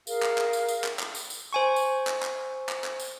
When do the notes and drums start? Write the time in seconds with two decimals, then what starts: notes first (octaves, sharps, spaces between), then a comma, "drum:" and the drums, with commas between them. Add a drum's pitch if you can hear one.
0.07 G#4 A#4 F5, drum: tambourine
0.22 drum: clap
0.38 drum: clap
0.53 drum: tambourine
0.69 drum: tambourine
0.84 drum: clap
0.99 drum: clap
1.15 drum: tambourine
1.30 drum: tambourine
1.53 C5 G#5 C#6
1.76 drum: tambourine
2.07 drum: clap
2.23 drum: clap
2.69 drum: clap
2.84 drum: clap
3.00 drum: tambourine